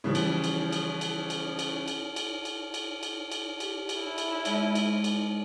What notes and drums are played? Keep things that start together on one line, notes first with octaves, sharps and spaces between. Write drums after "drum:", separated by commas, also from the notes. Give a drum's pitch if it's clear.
C#3 E3 F3 G3
drum: cymbal
drum: cymbal
drum: cymbal
drum: cymbal
drum: cymbal
drum: cymbal
drum: cymbal
drum: cymbal
drum: cymbal
drum: cymbal
drum: cymbal
drum: cymbal
G4, drum: cymbal
drum: cymbal
E4
drum: cymbal
G#3, drum: cymbal
drum: cymbal
drum: cymbal